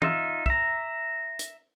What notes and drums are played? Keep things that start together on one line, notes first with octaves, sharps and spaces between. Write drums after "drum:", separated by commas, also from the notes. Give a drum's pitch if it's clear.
D#4 F4 E5, drum: tom
E5 A#5, drum: kick
drum: hi-hat